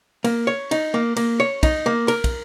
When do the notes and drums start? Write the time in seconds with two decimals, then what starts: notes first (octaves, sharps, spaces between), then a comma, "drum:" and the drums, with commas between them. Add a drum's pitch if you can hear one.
0.24 A#3, drum: cymbal
0.47 C#5
0.71 D#4, drum: cymbal
0.94 A#3
1.16 A#3, drum: cymbal
1.40 C#5
1.63 D#4, drum: kick, cymbal
1.86 A#3
2.08 A#4, drum: cymbal
2.24 drum: kick, cymbal